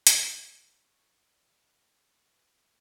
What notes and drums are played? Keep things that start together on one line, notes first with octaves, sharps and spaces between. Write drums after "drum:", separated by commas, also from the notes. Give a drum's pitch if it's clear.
C4, drum: hi-hat
A4
F5
C#5
D4
F5
C#3
C#3
B4
D5